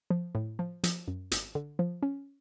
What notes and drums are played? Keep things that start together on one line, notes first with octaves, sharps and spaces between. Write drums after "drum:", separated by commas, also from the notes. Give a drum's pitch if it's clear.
F3
A2
F3
F3, drum: hi-hat
F#2
G#1, drum: hi-hat
D3
F3
C#4